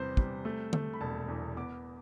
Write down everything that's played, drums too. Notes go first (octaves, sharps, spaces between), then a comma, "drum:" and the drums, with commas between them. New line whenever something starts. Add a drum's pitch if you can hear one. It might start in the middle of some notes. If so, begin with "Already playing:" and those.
Already playing: E2 C3 G3 B4 C5
G3, drum: kick
A3
A3, drum: tom
B5
E1 A5
E2
B3 D6